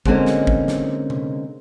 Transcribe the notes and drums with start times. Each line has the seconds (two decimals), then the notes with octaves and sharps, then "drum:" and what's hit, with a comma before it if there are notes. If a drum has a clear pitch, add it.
0.06 D3 G#3 A#3 C4 C#4 D#4, drum: kick
0.26 drum: snare
0.47 drum: kick
0.68 drum: snare
1.10 drum: tom C3